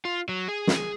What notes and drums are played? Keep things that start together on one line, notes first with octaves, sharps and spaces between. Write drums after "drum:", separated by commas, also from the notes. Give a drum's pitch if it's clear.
F4
F#3
G#4
drum: snare